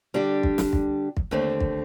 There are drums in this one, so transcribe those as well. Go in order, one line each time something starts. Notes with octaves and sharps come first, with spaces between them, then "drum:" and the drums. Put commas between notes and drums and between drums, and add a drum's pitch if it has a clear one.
D3 G3 D4 G4
drum: kick
drum: snare
drum: kick
drum: kick
D#2 D3 A3 C4
drum: kick